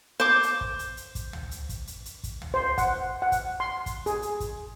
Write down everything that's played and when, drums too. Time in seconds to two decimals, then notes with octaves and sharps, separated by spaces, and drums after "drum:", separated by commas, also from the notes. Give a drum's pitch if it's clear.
0.20 C5 D6
0.43 drum: hi-hat
0.61 drum: kick
0.79 drum: hi-hat
0.97 drum: hi-hat
1.15 drum: kick, hi-hat
1.33 drum: tom
1.51 drum: hi-hat
1.69 drum: kick, hi-hat
1.87 drum: hi-hat
2.05 drum: hi-hat
2.24 drum: kick, hi-hat
2.42 drum: tom
2.54 C5
2.78 F#5, drum: kick, hi-hat
3.22 F#5
3.32 drum: kick, hi-hat
3.60 C6
3.86 drum: kick, hi-hat
4.06 G#4, drum: hi-hat
4.22 drum: hi-hat
4.40 drum: kick, hi-hat